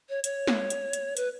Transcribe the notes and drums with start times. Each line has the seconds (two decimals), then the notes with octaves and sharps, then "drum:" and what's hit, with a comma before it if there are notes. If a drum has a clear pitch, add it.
0.09 C#5
0.24 C#5, drum: hi-hat
0.47 drum: snare
0.70 drum: hi-hat
0.93 drum: hi-hat
1.17 B4, drum: hi-hat